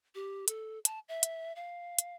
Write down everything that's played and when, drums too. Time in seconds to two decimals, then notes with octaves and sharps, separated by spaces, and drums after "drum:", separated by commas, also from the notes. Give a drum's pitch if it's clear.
0.15 G4
0.48 A4, drum: hi-hat
0.85 A5, drum: hi-hat
1.09 E5
1.23 drum: hi-hat
1.56 F5
1.99 drum: hi-hat